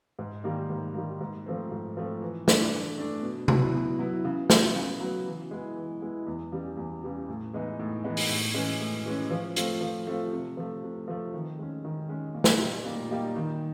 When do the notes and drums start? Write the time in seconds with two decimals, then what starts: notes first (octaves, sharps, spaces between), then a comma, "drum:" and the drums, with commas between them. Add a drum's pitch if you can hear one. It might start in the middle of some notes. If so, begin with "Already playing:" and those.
0.19 G#2
0.44 D#3 G3 A#3
0.70 G#2
0.95 D#3 G3 A#3
1.21 G#2
1.46 F3 A3 C4
1.72 G#2
1.97 F3 A3 C4
2.22 E3
2.48 A3 D4, drum: snare
2.72 E3
2.98 A3 D4
3.23 B2
3.48 F#3 B3 E4, drum: tom C3
3.74 B2
3.99 F#3 B3 E4
4.25 C#3
4.50 F#3 B3, drum: snare
4.75 C#3
5.00 F#3 B3
5.26 E3
5.51 G#3 B3 E4
5.76 E3
6.02 G#3 B3 E4
6.26 E2
6.52 C#3 E3 G3
6.77 E2
7.03 C#3 E3 G3
7.28 A2
7.53 E3 G#3 B3 D#4
7.79 A2
8.04 E3 G#3 B3 D#4
8.17 drum: open hi-hat
8.29 A2
8.54 E3 G#3 C#4
8.80 A2
9.05 E3 G#3 C#4
9.31 F3
9.56 A3 C4 F4, drum: hi-hat
9.81 F3
10.07 A3 C4 F4
10.32 C3
10.57 F3 A3
10.83 C3
11.08 F3 A3
11.34 D#3
11.59 G#3 C#4
11.85 D#3
12.09 G#3 C#4
12.35 A#2
12.44 drum: snare
12.60 G3 A#3 D#4 G4
12.86 A#2
13.11 G3 A#3 D#4 G4
13.36 D#3